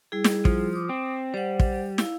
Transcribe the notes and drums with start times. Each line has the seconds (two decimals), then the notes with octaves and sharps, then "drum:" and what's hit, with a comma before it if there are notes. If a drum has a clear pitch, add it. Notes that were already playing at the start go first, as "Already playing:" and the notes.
0.12 G3 E4 G#4
0.24 drum: snare
0.45 F3, drum: kick
0.73 D6 D#6
0.89 C4
1.34 G3 C5 F#5
1.60 drum: kick
1.98 E4 F5, drum: snare